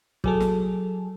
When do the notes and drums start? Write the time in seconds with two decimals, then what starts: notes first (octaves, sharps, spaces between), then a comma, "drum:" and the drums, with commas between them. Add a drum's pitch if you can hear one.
0.24 F#3 G#4 A4, drum: kick
0.40 drum: snare